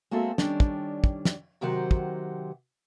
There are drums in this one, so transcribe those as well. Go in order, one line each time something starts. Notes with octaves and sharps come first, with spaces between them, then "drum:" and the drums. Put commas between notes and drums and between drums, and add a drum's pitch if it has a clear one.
G#3 A#3 C4 F#4 A4 E5
D#3 G3 C#4 D4, drum: snare
drum: kick
drum: kick
drum: snare
C3 D#3 F#3 G4 C5 F#5
drum: kick